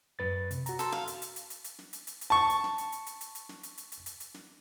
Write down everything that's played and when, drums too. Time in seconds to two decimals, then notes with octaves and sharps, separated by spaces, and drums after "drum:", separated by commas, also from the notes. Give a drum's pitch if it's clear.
0.19 F#2 B4 A6
0.51 C3, drum: hi-hat
0.66 F#4 A#5, drum: hi-hat
0.79 A4 C5, drum: hi-hat
0.92 F5, drum: snare
1.08 drum: hi-hat
1.22 drum: hi-hat
1.36 drum: hi-hat
1.50 drum: hi-hat
1.64 drum: hi-hat
1.79 drum: snare
1.93 drum: hi-hat
2.07 drum: hi-hat
2.21 drum: hi-hat
2.30 A5 C#6
2.50 drum: hi-hat
2.64 drum: snare
2.78 drum: hi-hat
2.92 drum: hi-hat
3.06 drum: hi-hat
3.21 drum: hi-hat
3.35 drum: hi-hat
3.49 drum: snare
3.63 drum: hi-hat
3.78 drum: hi-hat
3.92 drum: hi-hat
4.06 drum: hi-hat
4.20 drum: hi-hat
4.34 drum: snare